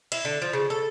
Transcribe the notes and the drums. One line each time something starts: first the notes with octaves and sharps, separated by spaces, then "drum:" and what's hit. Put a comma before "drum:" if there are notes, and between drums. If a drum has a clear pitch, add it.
E4, drum: cymbal
D3
F3
C#3
A4